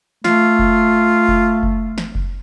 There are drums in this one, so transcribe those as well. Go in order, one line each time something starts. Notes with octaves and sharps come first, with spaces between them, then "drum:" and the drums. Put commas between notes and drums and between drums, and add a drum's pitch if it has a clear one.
A3 F4, drum: snare
drum: kick F#1
drum: kick F#1
drum: kick F#1
drum: snare
drum: kick F#1